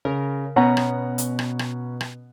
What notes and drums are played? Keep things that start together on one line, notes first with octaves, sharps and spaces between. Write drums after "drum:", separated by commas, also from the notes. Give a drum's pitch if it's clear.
C#3 A#4
B2 B3 C#4 F#5 A#5
drum: rim click
drum: hi-hat
drum: rim click
drum: rim click
drum: rim click